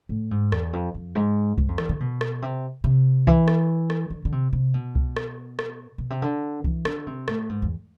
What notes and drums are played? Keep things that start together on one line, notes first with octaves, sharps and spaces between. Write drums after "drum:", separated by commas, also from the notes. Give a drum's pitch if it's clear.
A2
G#2
E2, drum: rim click
F2
F2
G#2
G#2, drum: kick C2
F2
E2, drum: rim click
D3
B2
drum: rim click
C3
C3
E3, drum: kick C2
drum: rim click
drum: rim click
D3
D3
C3
C3
B2
drum: kick C2
drum: rim click
drum: rim click
B2
C3
D3
E3, drum: kick C2
D3, drum: rim click
C3
A2, drum: rim click
G#2
E2